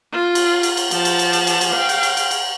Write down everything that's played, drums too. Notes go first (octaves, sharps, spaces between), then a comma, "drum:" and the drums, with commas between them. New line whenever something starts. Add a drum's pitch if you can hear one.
F4
drum: cymbal
drum: cymbal
drum: cymbal
F3 A5, drum: cymbal
drum: cymbal
drum: cymbal
drum: cymbal
drum: cymbal
drum: cymbal
F5 G5
drum: cymbal
drum: cymbal
drum: cymbal
drum: cymbal